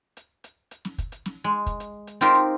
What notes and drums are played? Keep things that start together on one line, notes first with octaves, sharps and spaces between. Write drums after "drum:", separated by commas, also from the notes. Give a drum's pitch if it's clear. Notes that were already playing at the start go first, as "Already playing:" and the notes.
drum: hi-hat
drum: hi-hat
drum: hi-hat
drum: snare
drum: kick, hi-hat
drum: hi-hat
drum: snare
G#3
drum: kick, hi-hat
drum: hi-hat
drum: hi-hat
C4 D#4 F4 G4 A#4 C5
drum: hi-hat